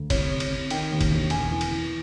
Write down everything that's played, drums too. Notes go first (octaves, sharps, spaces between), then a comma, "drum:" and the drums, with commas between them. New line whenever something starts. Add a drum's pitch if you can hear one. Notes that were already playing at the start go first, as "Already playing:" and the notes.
Already playing: D2
C2 C#5, drum: kick, cymbal
C3
drum: cymbal
C3
D#3 G5, drum: cymbal
D#2
drum: kick, cymbal
E1
E1 G#5, drum: cymbal
E3
drum: cymbal
E3